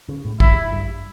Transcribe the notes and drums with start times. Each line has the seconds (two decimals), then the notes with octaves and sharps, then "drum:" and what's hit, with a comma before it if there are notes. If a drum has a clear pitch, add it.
0.09 C#3
0.25 A2
0.40 G2 E4, drum: kick
0.72 G2